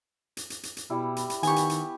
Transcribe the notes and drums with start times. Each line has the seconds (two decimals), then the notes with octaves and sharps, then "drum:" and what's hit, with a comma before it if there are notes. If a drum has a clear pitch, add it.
0.37 drum: hi-hat
0.50 drum: hi-hat
0.63 drum: hi-hat
0.77 drum: hi-hat
0.90 B2 G3 E4
1.16 drum: hi-hat
1.30 drum: hi-hat
1.43 D#3 B3 G4 G#5 C#6, drum: hi-hat
1.56 drum: hi-hat
1.70 drum: hi-hat